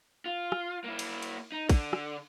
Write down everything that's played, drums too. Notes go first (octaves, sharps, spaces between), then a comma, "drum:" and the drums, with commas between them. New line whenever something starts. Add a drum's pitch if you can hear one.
F4
drum: rim click
A#3 E4
drum: cymbal
drum: cymbal
D#4
D3, drum: kick, cymbal
drum: rim click